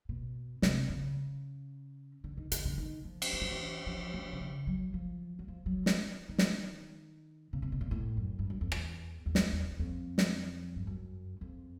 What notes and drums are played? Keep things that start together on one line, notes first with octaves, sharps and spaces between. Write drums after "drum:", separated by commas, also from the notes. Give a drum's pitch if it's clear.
B2
C3, drum: snare
C#3
D3
D#3
D3, drum: hi-hat
D3
D#3
F3
drum: cymbal
E3
F3
E3
F3
F3
C3
C#3
F#3
F3
F#3
F3
F#3
drum: snare
D#3
drum: snare
C#3
C3
B2
A#2
A2
F#2
G2
F#2
F2
E2, drum: rim click
E2
drum: snare
E2
E2
F2
drum: snare
G2
F#2
F2